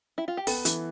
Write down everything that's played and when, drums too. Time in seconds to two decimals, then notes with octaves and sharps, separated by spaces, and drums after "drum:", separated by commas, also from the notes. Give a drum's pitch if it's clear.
0.18 E4
0.28 F4
0.37 G4
0.47 B3 A4, drum: open hi-hat
0.65 E3, drum: hi-hat